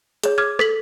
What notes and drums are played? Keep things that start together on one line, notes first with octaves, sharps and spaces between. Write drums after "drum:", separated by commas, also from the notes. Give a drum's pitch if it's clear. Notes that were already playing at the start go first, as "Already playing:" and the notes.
G#4 C#5, drum: hi-hat
D6 F6 G#6
A4 B6 F#7, drum: rim click